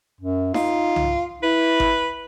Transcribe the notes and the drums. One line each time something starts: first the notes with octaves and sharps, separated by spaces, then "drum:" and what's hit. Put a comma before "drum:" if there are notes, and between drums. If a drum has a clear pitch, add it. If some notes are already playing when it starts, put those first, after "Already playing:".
F#2
D#4 F4, drum: snare D#4
drum: tom C2
E4 B4
drum: kick G#1